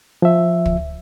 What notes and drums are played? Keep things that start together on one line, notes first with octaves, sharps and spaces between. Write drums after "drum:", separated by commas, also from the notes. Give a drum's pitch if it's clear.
F3 E5
drum: kick